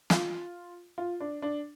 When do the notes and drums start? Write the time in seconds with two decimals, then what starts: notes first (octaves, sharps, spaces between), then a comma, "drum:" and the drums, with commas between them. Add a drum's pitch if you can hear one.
0.10 F4, drum: snare
0.98 F4
1.20 D4
1.42 D4